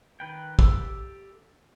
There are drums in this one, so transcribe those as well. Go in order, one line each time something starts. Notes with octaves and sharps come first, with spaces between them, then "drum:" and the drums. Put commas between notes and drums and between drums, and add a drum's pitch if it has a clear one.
D#3 B4 G5
G4 A4 D6 E6, drum: kick